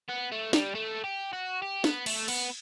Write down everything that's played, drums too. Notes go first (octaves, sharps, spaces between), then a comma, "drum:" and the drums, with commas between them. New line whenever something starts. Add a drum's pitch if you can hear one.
B3
A3
G3, drum: snare
A3
G4
F#4
G4
B3, drum: snare
A3, drum: cymbal
B3, drum: cymbal